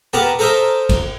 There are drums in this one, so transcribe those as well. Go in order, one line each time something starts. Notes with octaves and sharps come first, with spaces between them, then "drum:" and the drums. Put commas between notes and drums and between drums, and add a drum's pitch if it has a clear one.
B3 G4 A#4 A5
A4 A#4 C5 D#5 E5
drum: kick, cymbal